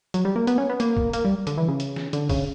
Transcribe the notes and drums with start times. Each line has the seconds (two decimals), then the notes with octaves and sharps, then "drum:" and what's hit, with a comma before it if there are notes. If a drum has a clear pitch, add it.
0.14 F#3, drum: hi-hat
0.25 G3
0.36 A#3
0.47 B3, drum: hi-hat
0.58 C#4
0.69 B3
0.80 A#3, drum: hi-hat
0.97 drum: kick
1.13 A#3, drum: hi-hat
1.25 G3
1.47 D3, drum: hi-hat
1.57 E3
1.68 C#3
1.80 drum: hi-hat
1.96 drum: snare
2.13 D3, drum: hi-hat
2.29 C#3, drum: kick, open hi-hat